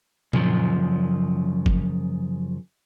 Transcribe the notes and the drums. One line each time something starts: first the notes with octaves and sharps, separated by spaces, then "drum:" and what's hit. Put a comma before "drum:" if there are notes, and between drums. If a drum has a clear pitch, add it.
F#2 C#3 F3, drum: tom A#2
drum: kick G1